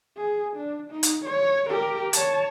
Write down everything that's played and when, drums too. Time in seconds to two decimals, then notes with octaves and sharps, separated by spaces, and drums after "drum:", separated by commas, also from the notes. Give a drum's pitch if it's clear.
0.17 G#4
0.57 D4
0.91 D#4
1.03 drum: hi-hat
1.25 C#5
1.69 G4 A#4
2.13 C#5 A5, drum: hi-hat